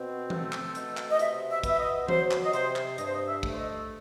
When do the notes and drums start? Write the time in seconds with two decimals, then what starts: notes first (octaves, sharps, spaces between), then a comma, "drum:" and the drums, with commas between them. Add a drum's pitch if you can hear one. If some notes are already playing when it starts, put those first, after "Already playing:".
Already playing: B2 C4
0.30 A3, drum: tom E3
0.53 drum: clap
0.75 B2, drum: hi-hat
0.97 drum: clap
1.11 D#5
1.19 C3 E5, drum: hi-hat
1.49 E5
1.64 B3 E5, drum: kick, hi-hat
1.79 D#5
2.09 F#3 C5, drum: tom E3
2.31 drum: clap
2.43 D#5
2.53 C3 C5, drum: hi-hat
2.76 drum: clap
2.98 G2 D#5, drum: hi-hat
3.06 C5
3.14 D#5
3.27 E5
3.43 A3, drum: kick
3.53 C5
3.58 D#5